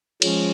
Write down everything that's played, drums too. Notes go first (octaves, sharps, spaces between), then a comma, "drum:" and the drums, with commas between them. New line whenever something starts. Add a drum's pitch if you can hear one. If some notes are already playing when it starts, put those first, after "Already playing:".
F3 G#3 C#4, drum: cymbal